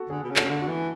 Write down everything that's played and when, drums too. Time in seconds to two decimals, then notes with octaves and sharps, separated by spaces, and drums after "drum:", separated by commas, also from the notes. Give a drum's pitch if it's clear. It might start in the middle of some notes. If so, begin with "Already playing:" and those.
Already playing: F#4 A4
0.10 D3 G#4
0.23 B2
0.30 C#3
0.36 F#4 A4, drum: clap
0.43 C#3
0.49 D3
0.62 F#4
0.69 E3